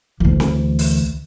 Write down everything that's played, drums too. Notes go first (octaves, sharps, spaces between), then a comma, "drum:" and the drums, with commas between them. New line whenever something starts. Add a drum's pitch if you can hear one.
D2 E3
drum: snare C4
drum: open hi-hat